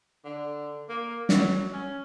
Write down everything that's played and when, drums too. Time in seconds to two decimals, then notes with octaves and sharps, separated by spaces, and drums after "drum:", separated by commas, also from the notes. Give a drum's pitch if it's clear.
0.25 D3
0.89 A#3
1.29 F#3, drum: snare
1.73 C#4